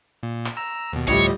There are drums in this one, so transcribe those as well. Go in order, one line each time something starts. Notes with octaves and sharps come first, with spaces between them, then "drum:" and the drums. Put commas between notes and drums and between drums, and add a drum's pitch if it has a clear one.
A#2
drum: clap
A#5 E6
D#2 B2
D2 A2 F3 G3 G4 C#5 D#5, drum: kick B1, hi-hat